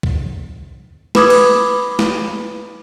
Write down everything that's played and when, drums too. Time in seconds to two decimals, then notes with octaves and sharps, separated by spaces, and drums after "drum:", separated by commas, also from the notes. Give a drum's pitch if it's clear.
0.03 drum: kick
1.15 B4 B5 D6 D#6 G#6, drum: snare
1.30 drum: cymbal
1.99 drum: snare